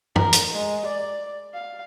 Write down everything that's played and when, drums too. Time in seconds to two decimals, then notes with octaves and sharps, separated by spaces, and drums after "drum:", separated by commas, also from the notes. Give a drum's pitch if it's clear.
0.16 A#4, drum: tom
0.33 drum: hi-hat
0.53 G#3
0.86 D5
1.54 F5